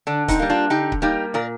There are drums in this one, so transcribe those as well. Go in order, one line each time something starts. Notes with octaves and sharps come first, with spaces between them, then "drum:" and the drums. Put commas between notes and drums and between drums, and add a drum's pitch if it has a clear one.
D3 D4
C4 D#4, drum: kick C#1, hi-hat
G3 A#3
D4 F4
D3 D#4 G4
drum: kick C#1
G3 A#3 D#4 G4
A#2 A#4 D5